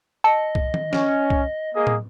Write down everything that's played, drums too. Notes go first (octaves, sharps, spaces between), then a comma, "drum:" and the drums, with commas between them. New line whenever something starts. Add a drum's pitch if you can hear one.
D#5 A5 E6 C#7
drum: kick C2
drum: tom D#3
C#4, drum: snare
drum: kick C2
A#3 G#4 D#5
drum: tom